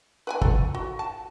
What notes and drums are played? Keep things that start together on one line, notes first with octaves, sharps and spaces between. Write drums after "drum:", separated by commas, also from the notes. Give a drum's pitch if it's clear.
B4 G5 G#5
A4, drum: kick
F#4
A5